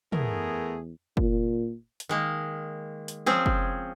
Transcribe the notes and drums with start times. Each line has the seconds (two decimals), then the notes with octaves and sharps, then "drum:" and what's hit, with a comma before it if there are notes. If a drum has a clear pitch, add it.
0.12 E2 A3 B3 G#4 A#4, drum: tom
1.17 A#2, drum: kick
2.00 drum: hi-hat
2.09 D#3 G#3 A#3
3.08 drum: hi-hat
3.26 F3 C4 C#4 G#4, drum: snare
3.46 drum: kick